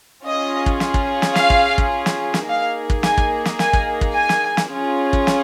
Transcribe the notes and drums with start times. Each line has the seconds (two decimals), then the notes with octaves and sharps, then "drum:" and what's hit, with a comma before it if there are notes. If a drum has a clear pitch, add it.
0.24 C#4 F4 G#4 D#5
0.66 drum: kick
0.80 drum: snare
0.94 drum: kick
1.22 drum: snare
1.35 F5, drum: snare
1.50 drum: kick
1.78 drum: kick
2.06 drum: snare
2.34 drum: snare
2.47 A#3 D#4 G#4 F5
2.90 drum: kick
3.03 G#5, drum: snare
3.18 drum: kick
3.45 drum: snare
3.59 G#5, drum: snare
3.73 drum: kick
4.01 drum: kick
4.15 G#5
4.29 drum: snare
4.57 drum: snare
4.71 C#4 F4 G#4
5.13 drum: kick
5.27 drum: snare